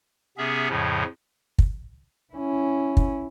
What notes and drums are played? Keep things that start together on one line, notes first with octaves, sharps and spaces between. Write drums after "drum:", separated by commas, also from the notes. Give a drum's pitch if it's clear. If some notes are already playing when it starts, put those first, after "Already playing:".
C3 B3 C#4 G#4 E5
F2 A2 C#3 F3
drum: kick
C#4 E4
drum: kick